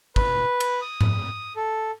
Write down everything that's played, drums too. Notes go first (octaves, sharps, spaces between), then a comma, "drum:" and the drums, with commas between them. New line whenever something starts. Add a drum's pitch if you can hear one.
B4, drum: kick
drum: cymbal
D#6
drum: tom G#2
A4